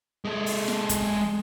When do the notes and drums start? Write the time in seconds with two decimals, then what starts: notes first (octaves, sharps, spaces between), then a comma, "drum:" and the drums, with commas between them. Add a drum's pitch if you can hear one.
0.25 G#3 A4
0.46 drum: open hi-hat
0.68 drum: snare
0.89 drum: kick, hi-hat